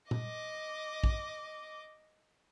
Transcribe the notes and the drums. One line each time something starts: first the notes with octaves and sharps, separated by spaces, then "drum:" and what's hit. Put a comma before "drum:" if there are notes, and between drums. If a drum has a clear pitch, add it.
D#5 D6, drum: tom A#2
drum: kick